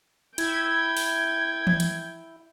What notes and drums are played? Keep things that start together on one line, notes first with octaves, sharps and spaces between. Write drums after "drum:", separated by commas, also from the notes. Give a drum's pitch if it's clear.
E4 G5 G#6, drum: hi-hat
drum: open hi-hat
drum: tom E3
drum: hi-hat